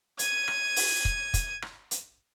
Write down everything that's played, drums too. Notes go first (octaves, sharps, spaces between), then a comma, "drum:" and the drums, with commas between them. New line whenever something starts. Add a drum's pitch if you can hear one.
G#6 D#7, drum: hi-hat
drum: rim click
drum: open hi-hat
drum: kick
drum: kick, hi-hat
drum: rim click
drum: hi-hat